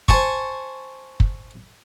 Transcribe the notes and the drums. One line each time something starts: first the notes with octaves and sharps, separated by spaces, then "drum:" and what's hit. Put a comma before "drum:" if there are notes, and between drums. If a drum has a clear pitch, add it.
C5 G#5 A5 C#6, drum: kick
drum: kick